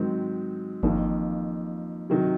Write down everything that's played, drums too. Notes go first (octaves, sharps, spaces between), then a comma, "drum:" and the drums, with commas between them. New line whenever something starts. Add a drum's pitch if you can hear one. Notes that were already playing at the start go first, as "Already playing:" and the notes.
Already playing: G#2 D#3 F#3 C4
F2 D#3 A#3, drum: kick G1
C3 D#3 F#3